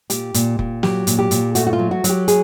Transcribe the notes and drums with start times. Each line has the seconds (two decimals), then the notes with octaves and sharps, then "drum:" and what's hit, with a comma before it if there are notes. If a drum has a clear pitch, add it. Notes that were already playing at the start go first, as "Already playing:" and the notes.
0.10 A#2 G4, drum: hi-hat
0.34 A#2, drum: hi-hat
0.59 A#2, drum: kick F1
0.83 F#3 G4, drum: snare
1.07 A#2, drum: hi-hat
1.19 G4
1.31 A#2, drum: hi-hat
1.55 A3 F#4, drum: hi-hat
1.67 F#4
1.73 F4
1.79 F#3
1.91 F#4
2.04 F#3, drum: hi-hat
2.09 G4
2.28 G#4, drum: hi-hat